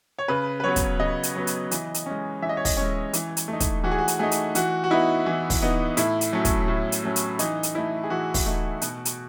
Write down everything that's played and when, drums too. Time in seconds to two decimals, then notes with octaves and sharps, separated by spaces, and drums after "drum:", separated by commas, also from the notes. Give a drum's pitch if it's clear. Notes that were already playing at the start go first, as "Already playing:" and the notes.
0.19 C#5
0.28 C#3 B4
0.60 B4
0.64 F#3 B3 C#5
0.76 drum: kick, hi-hat
1.00 C#3 D#5
1.23 drum: hi-hat
1.35 F#3 B3
1.47 drum: hi-hat
1.71 E3, drum: hi-hat
1.94 drum: hi-hat
2.06 G#3 C#4
2.42 E3 E5
2.49 D#5
2.57 C#5
2.65 D#5, drum: kick, open hi-hat
2.77 G#3 C#4 C#5
3.13 E3, drum: hi-hat
3.37 drum: hi-hat
3.48 A3 D#4
3.60 drum: kick, hi-hat
3.84 E3 F#4
3.92 G#4
3.98 F#4
4.08 drum: hi-hat
4.19 A3 D#4 G#4
4.31 drum: hi-hat
4.55 E3 F#4, drum: hi-hat
4.84 F#4
4.90 B3 D#4 E4
5.26 E3
5.50 drum: kick, open hi-hat
5.62 B3 D#4
5.97 A2 E4, drum: hi-hat
6.21 drum: hi-hat
6.33 F#3 A3 C#4
6.45 drum: kick, hi-hat
6.68 A2
6.92 drum: hi-hat
7.04 F#3 A3 C#4
7.16 drum: hi-hat
7.39 E3 D#4, drum: hi-hat
7.63 drum: hi-hat
7.75 A3 D#4 E4
8.04 G#4
8.10 E3 F#4
8.34 drum: kick, open hi-hat
8.46 A3 D#4
8.82 B2, drum: hi-hat
9.05 drum: hi-hat